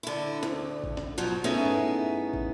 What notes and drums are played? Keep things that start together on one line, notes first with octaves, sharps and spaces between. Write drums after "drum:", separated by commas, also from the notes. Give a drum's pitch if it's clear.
D3 E4
D2, drum: snare
drum: kick
drum: snare
G#2 B2 F3 F#3
A3 B3 C#4 D#4 E4 G#4
drum: tom G2
drum: kick